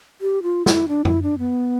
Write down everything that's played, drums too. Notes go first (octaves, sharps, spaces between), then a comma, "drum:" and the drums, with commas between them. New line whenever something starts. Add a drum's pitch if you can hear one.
G4
F4
E4, drum: snare
D4
E4, drum: tom F#2
D4
B3